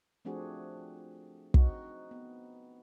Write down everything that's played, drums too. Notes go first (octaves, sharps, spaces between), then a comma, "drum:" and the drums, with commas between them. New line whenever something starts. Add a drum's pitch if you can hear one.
F3 A3 C4 D4 F#4 G#4
C4 D#4 F#4, drum: kick
B3